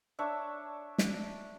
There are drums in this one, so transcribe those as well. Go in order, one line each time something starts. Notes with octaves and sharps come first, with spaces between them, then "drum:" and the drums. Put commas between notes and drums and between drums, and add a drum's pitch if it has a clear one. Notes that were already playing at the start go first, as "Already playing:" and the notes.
D4 C#5 E5
drum: snare